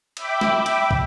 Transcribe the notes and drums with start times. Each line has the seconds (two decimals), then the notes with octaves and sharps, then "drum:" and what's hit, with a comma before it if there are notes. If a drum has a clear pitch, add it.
0.17 E5 G5 B5 D6, drum: cymbal
0.41 drum: snare
0.66 drum: cymbal
0.91 drum: kick